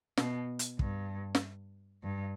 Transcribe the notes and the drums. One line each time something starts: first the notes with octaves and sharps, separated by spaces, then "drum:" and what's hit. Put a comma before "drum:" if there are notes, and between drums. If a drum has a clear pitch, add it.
B2, drum: snare
drum: hi-hat
G2, drum: kick
drum: snare
G2